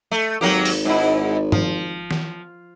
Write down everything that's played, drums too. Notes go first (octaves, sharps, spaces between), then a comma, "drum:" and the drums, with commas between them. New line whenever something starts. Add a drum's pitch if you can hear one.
A3
G#1 F#3 A#3 G4
drum: open hi-hat
G#2 E4
F3, drum: tom
drum: snare E3